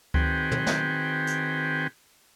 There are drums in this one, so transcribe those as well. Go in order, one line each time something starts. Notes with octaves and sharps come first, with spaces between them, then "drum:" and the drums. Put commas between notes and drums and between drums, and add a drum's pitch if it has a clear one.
D#3 C4 F#4 G#4 B4 G5, drum: kick D2
drum: tom
drum: snare
drum: hi-hat